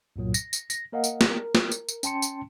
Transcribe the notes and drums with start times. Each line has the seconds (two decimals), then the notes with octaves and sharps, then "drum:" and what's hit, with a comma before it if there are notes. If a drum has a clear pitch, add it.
0.16 C2 G2 A#2 F#3
0.34 A#6, drum: tambourine
0.53 drum: tambourine
0.70 A#6, drum: tambourine
0.93 A#3 A#4 D#5 F5 F#5
1.04 drum: tambourine
1.21 drum: snare
1.31 A#4
1.55 drum: snare
1.72 drum: tambourine
1.89 drum: tambourine
2.03 C#4 G5 A5 C6 C#7, drum: tambourine
2.22 drum: tambourine